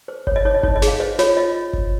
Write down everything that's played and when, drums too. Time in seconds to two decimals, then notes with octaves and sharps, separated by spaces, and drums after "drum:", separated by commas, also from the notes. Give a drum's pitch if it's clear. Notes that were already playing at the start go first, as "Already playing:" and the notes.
0.08 C5
0.27 C#5, drum: kick G1
0.36 D#5
0.45 D#4 C#5
0.54 D#5
0.63 D#4 C#5, drum: kick G1
0.76 D#5
0.82 G#4, drum: snare
0.88 F5
1.00 C5 D#5
1.19 F4 C#5, drum: snare
1.37 F4 D#5
1.73 drum: kick G1